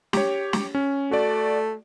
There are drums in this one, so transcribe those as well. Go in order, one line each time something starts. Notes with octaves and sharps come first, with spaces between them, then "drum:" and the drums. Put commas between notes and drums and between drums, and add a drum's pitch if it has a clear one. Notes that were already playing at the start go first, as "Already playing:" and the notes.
G4 C#5, drum: snare
drum: snare
C#4
A3 F#4 D5